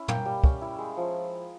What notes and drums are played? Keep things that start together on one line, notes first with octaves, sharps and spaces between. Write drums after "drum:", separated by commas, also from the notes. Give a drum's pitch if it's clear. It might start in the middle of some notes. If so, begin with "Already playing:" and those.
Already playing: C#4 E4
A#3 G5, drum: tom
G3
C#4, drum: kick
E4
G#3
F3